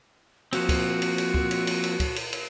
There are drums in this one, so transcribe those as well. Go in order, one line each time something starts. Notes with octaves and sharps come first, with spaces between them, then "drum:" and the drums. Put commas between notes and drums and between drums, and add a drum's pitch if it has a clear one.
F3 A#3 C4 F#4, drum: cymbal
drum: kick C#2, cymbal
drum: cymbal
drum: cymbal
drum: kick C#2
drum: cymbal
drum: cymbal
drum: cymbal
drum: kick C#2, cymbal
drum: cymbal
drum: cymbal